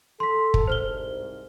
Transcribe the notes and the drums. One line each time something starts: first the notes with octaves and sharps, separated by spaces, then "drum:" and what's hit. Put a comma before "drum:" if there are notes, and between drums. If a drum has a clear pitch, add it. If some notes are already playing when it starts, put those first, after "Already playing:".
A4 C6 B6
drum: kick
C2 G#2 C5 F6 G7